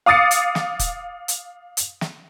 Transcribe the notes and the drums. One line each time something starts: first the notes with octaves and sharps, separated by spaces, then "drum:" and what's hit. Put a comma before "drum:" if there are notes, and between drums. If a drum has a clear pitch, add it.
F5 D6 D#6 A6 C7 C#7
drum: hi-hat
drum: snare
drum: kick, hi-hat
drum: hi-hat
drum: hi-hat
drum: snare